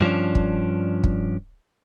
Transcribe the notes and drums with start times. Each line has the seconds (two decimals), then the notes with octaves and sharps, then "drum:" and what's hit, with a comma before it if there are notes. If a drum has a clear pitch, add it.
0.01 G2 F3 C#4 D4
0.35 drum: kick
1.03 drum: kick